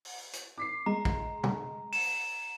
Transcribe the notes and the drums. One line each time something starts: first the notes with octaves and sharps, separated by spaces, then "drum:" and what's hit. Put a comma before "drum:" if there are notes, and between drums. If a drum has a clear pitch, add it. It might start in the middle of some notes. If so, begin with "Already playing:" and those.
drum: open hi-hat
drum: hi-hat
D6 B6 C7
G#3 A#5
drum: kick
drum: tom
E7, drum: open hi-hat